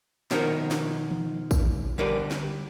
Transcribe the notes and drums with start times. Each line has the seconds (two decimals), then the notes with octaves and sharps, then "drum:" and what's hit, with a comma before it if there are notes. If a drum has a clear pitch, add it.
0.31 B2 D#3 F3 F#4 A#4, drum: snare
0.71 drum: snare
1.11 drum: tom E3
1.51 drum: kick, tambourine
1.98 D3 G3 A#4 B4 D5
2.31 drum: snare